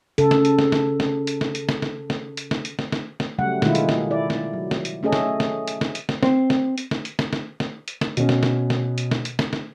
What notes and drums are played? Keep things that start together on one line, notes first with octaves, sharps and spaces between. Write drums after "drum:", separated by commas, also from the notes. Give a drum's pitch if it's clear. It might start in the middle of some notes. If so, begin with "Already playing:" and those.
C#3 A4, drum: hi-hat
drum: snare
drum: hi-hat
drum: snare
drum: snare
drum: snare
drum: hi-hat
drum: snare
drum: hi-hat
drum: snare
drum: snare
drum: snare
drum: hi-hat
drum: snare
drum: hi-hat
drum: snare
drum: snare
drum: snare
C#3 F#3 G3 A3 F#5
B2 D#3 G#3 A3 E4 F4, drum: snare
drum: hi-hat
drum: snare
E4 D5
drum: snare
F#3
drum: snare
drum: hi-hat
A3 C#4 G#4 A4 D#5
drum: snare
drum: snare
drum: hi-hat
drum: snare
drum: hi-hat
drum: snare
C4, drum: snare
drum: snare
drum: hi-hat
drum: snare
drum: hi-hat
drum: snare
drum: snare
drum: snare
drum: hi-hat
drum: snare
B2 C#4, drum: hi-hat
drum: snare
drum: snare
drum: snare
drum: hi-hat
drum: snare
drum: hi-hat
drum: snare
drum: snare